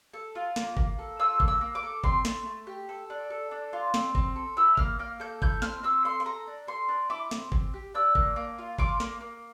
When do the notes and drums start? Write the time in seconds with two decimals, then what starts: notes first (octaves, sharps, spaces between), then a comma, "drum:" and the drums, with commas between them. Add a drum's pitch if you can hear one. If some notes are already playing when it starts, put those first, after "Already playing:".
0.13 A4
0.35 F4
0.56 A#3, drum: snare
0.77 A#3, drum: kick G1
0.99 A4
1.19 F4 E6
1.40 A#3, drum: kick G1
1.48 E6
1.61 A#3
1.75 D6
1.83 A4
2.04 C4 C6, drum: kick G1
2.25 A3, drum: snare
2.46 A3
2.67 G4
2.89 A4
3.10 D4
3.30 A4
3.51 D4
3.73 F4
3.94 C4, drum: snare
4.15 C4, drum: kick G1
4.36 A4
4.57 E4 E6
4.77 A#3 F6, drum: kick G1
4.99 A#3 F6
5.20 A4 G6
5.42 E4 G6, drum: kick G1
5.62 C4 F6, drum: snare
5.83 C4 E6
6.04 A4 C6
6.20 C6
6.25 A4 A#5
6.47 D4
6.67 A4 C6
6.88 D4
7.10 E4 D6
7.31 C4, drum: snare
7.52 C4, drum: kick G1
7.74 G4
7.95 D4 E6
8.15 A#3, drum: kick G1
8.36 A#3
8.58 F4
8.79 F4 D6, drum: kick G1
9.00 A#3, drum: snare
9.21 A#3